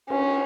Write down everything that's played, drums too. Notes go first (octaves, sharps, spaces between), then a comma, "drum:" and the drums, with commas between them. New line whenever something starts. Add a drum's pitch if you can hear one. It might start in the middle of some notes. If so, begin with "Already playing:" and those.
C#4, drum: cymbal